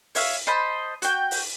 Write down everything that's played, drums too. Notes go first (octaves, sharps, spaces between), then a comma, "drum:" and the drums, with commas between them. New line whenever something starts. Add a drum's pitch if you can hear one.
C#5 E5 F5, drum: open hi-hat
C5 D#5 A5 B5
F#4 G5, drum: hi-hat
drum: open hi-hat